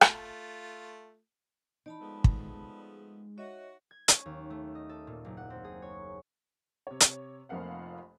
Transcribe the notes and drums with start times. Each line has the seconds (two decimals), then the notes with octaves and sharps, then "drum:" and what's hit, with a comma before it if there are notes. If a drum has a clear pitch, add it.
0.01 A3 F4, drum: rim click
1.86 E3 D#4 D5 A5 B5
2.01 F3 G#3 A3 B3
2.24 drum: kick
3.38 F#4 C#5 D#5 E5
3.91 G#6
4.08 C#4, drum: hi-hat
4.26 D#2
4.50 A3
4.75 D#5
4.89 A4
5.07 A#2
5.25 F#1
5.37 F#5
5.50 C4
5.64 G#4
5.82 C#5
6.87 C3 C#5
7.00 drum: hi-hat
7.49 F1 F2 F3 A#3 F5 F#5